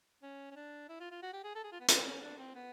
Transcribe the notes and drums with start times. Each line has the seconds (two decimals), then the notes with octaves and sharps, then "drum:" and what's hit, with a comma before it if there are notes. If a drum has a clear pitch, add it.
0.23 C#4
0.51 C#4
0.56 D4
0.89 E4
1.00 F4
1.11 F4
1.23 F#4
1.33 G4
1.44 G#4
1.55 A4
1.64 G#4
1.72 F4
1.80 B3
1.88 C4, drum: hi-hat
2.05 C#4
2.22 D4
2.38 C4
2.55 B3